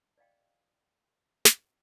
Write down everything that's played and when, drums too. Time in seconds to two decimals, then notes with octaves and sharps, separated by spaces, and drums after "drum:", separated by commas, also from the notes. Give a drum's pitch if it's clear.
0.18 D5 D#5 F5 G5
1.45 drum: snare